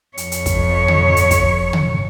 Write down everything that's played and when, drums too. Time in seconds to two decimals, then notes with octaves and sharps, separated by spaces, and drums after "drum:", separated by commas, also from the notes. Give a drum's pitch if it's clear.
0.17 F2 C#5, drum: hi-hat
0.32 drum: hi-hat
0.46 drum: kick, hi-hat
0.88 drum: tom
1.17 drum: hi-hat
1.31 drum: kick, hi-hat
1.73 drum: tom